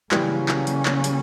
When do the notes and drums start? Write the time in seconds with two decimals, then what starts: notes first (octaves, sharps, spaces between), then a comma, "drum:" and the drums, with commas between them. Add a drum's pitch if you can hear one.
0.11 C#3 E3 F#3 G3 A#3 C#4, drum: clap
0.48 drum: clap
0.67 drum: hi-hat
0.86 drum: clap
1.04 drum: hi-hat